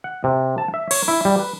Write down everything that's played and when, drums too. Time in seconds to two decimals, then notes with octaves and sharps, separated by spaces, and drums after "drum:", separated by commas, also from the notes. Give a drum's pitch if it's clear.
0.04 F#5
0.24 C3
0.58 A5
0.74 E5
0.91 C#5, drum: cymbal
1.08 E4
1.25 G3
1.39 B4